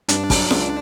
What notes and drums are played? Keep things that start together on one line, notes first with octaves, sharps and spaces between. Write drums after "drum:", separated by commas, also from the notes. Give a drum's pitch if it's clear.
G2 D4, drum: hi-hat
F#3, drum: kick, open hi-hat
C#2, drum: snare F4